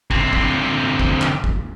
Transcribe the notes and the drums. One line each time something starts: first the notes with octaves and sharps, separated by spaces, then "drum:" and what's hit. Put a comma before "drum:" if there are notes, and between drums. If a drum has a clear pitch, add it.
D3 C4, drum: kick
drum: kick
drum: kick
drum: clap
drum: kick